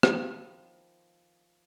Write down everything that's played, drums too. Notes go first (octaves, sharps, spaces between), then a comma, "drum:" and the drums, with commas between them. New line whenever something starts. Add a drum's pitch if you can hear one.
D#3 F3 B3 C5 G5 G#5, drum: rim click